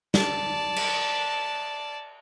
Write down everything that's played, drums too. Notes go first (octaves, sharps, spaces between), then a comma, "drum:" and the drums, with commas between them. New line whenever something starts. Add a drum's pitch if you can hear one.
D5 A5, drum: snare
drum: cymbal